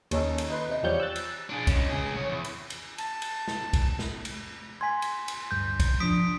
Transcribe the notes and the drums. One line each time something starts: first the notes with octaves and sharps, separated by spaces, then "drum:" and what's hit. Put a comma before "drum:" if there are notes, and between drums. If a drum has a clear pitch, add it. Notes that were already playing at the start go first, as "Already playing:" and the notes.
D#2 C#4 D#4 A4, drum: cymbal
drum: cymbal
D#4 B4 C6
C3 D#4
E2 F3 G3 C#5 G6 C#7
E6 F#6 A6
drum: cymbal
D4 G#4
C#4 D#4, drum: kick, cymbal
C#2 G#4
C2 C#5
E2
drum: cymbal
drum: cymbal
A5, drum: cymbal
drum: cymbal
drum: snare
drum: kick, cymbal
drum: snare
drum: cymbal
G#5 C6 G#6 B6
drum: cymbal
drum: cymbal
D2 G2 G6
drum: kick, cymbal
F3 D4 D#6 B6 D7